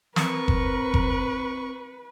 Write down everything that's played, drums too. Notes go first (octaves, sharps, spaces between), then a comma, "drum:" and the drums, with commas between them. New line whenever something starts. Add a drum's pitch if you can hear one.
C4 A#4 B4 C#6, drum: snare
drum: kick F#1
drum: kick F#1